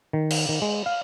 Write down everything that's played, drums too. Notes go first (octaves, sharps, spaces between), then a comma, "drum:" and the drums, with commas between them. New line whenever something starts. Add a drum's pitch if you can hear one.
D#3
drum: cymbal
D#3
G#3
F5